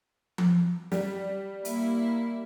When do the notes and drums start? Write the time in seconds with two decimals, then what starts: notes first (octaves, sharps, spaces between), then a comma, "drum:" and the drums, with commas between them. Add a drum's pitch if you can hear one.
0.38 drum: tom F3
0.92 G3, drum: snare
1.65 A#3 E4, drum: hi-hat